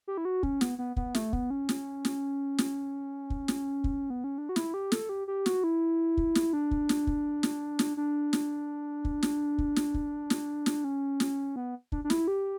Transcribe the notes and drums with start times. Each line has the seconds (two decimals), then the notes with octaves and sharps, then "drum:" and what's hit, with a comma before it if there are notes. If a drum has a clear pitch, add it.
0.08 G4
0.17 E4
0.25 F#4
0.43 C#4, drum: kick
0.61 B3, drum: snare
0.79 B3
0.97 B3, drum: kick
1.15 A3, drum: snare
1.33 B3, drum: kick
1.50 C#4
1.69 drum: snare
2.05 drum: snare
2.58 drum: snare
3.30 drum: kick
3.48 drum: snare
3.84 drum: kick
4.10 B3
4.24 C#4
4.38 D4
4.49 F#4
4.56 E4, drum: snare
4.74 G4
4.92 A4, drum: snare
5.09 G4
5.28 G4
5.46 F#4, drum: snare
5.64 E4
6.17 drum: kick
6.35 drum: snare
6.53 D4
6.71 drum: kick
6.89 drum: snare
7.07 drum: kick
7.43 drum: snare
7.79 drum: snare
7.97 D4
8.33 drum: snare
9.05 drum: kick
9.23 drum: snare
9.58 drum: kick
9.76 drum: snare
9.94 drum: kick
10.30 drum: snare
10.66 drum: snare
10.84 C#4
11.20 drum: snare
11.56 B3
11.92 D4, drum: kick
12.04 D4
12.10 E4, drum: snare
12.28 G4